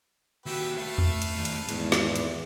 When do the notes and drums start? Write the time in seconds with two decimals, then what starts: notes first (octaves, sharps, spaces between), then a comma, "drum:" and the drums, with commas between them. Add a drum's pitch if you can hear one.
0.46 D#2 F#4 G4 B4 E5
0.78 A3 A4 B4 E5 F5
0.98 drum: tom E2
1.22 drum: hi-hat
1.36 D#3 A3
1.45 drum: hi-hat
1.69 E2 G#2 D#3, drum: hi-hat
1.92 drum: snare
2.16 drum: hi-hat